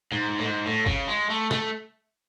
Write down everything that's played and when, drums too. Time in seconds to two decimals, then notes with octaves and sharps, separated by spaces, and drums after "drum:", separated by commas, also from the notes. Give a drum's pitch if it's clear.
0.12 G#2, drum: tom A#2
0.39 A2
0.43 G#2
0.66 A2
0.86 C#3, drum: kick
1.08 G#3
1.30 A3
1.51 A3, drum: snare